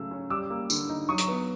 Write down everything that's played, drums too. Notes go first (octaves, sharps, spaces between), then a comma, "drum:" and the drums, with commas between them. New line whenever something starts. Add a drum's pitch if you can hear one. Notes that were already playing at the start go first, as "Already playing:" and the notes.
Already playing: C#3 F#3 A3 E6
C#4
G3 D6 E6
A#3
D3, drum: tambourine
D#4
F#3 C#6 D#6
drum: hi-hat
B3